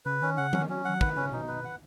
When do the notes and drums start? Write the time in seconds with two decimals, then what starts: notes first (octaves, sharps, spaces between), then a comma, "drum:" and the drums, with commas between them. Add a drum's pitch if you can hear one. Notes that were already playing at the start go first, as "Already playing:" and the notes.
0.05 C#3 B4
0.21 D#3 C#4
0.37 C#3 F#5
0.53 F#3 C#4, drum: tom D#3
0.62 D#3
0.69 F#3 C#4
0.85 F#3 F#5
1.01 D#3 B4, drum: kick
1.16 C#3 C#4
1.32 B2 D#4
1.48 B4
1.65 F#5